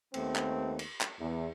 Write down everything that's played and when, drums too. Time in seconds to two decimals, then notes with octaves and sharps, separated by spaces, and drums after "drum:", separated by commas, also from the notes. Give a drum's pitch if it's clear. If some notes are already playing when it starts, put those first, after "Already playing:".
0.14 D#2 A3 B3 C4, drum: cymbal
0.36 drum: clap
0.79 drum: cymbal
1.01 drum: clap
1.19 E2